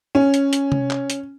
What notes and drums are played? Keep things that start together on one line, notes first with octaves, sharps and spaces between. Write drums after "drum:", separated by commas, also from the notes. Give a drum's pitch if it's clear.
C#4
drum: hi-hat
drum: hi-hat
drum: tom C3
drum: clap
drum: hi-hat